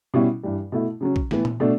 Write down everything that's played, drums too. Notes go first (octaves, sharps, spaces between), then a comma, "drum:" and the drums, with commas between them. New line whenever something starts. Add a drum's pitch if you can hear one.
B2 G3 C#4 E4
G2 E3 G3
B2 A3 E4
C#3 F#3 C#4
drum: kick A#1
A2 E3 B3, drum: snare
drum: tom A#2
B2 A3 D4